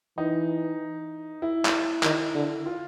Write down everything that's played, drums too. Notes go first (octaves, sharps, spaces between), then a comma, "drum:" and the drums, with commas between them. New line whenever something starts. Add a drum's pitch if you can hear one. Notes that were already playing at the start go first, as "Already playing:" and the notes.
E3 D#4
E4
drum: clap
D#3, drum: clap
D3
F4